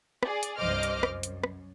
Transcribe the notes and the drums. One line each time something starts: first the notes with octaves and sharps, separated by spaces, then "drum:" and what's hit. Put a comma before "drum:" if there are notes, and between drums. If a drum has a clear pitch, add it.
G#4 D5, drum: rim click
drum: hi-hat
C2 G2 C5 D#5 D6 F6
drum: hi-hat
F#2, drum: rim click
drum: hi-hat
drum: rim click